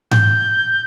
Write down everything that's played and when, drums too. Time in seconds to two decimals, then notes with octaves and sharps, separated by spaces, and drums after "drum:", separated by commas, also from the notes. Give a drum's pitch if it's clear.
0.11 G6, drum: tom G#2